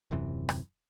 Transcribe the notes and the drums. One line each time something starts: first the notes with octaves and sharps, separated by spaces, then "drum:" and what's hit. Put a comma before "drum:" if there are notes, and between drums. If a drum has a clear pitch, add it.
D#1 F#2 C3 E3
drum: rim click